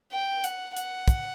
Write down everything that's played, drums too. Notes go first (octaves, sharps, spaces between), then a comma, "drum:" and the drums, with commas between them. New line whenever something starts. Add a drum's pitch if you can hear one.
G5
F#5, drum: hi-hat
F#5, drum: hi-hat
drum: kick, hi-hat